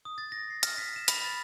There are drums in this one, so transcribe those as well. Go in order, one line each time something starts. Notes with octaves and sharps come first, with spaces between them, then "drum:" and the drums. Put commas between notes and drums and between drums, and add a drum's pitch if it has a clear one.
D#6
A6
A#6
C7
F6, drum: hi-hat
B6
E7
B5, drum: hi-hat
A6